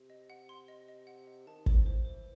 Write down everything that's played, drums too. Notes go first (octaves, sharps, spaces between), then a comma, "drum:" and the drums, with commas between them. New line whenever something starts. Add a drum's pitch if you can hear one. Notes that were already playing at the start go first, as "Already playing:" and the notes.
Already playing: C3
D#5
F#5
C6
D#5
D#5
F#5
D#5
D#3 A5
C5, drum: kick
E3 C5
C5